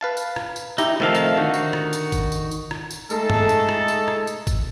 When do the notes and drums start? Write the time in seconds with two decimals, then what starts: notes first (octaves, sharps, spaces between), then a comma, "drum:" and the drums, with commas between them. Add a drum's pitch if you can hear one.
0.01 B4 F5 A5
0.17 drum: tambourine
0.36 drum: rim click
0.56 drum: tambourine
0.78 D#4 E4 G4, drum: tambourine
1.00 C3 D#3 F3 A3 A4 F5
1.15 drum: tambourine
1.37 D3 D#3 D#4 F#4
1.54 drum: tambourine
1.73 drum: rim click
1.93 drum: tambourine
2.12 drum: kick, tambourine
2.32 drum: tambourine
2.51 drum: tambourine
2.71 drum: rim click
2.90 drum: tambourine
3.10 G#3 A3 D#4 A4, drum: tambourine
3.30 drum: tom G2
3.49 drum: tambourine
3.69 drum: rim click
3.88 drum: tambourine
4.08 drum: rim click
4.27 drum: tambourine
4.47 drum: kick, tambourine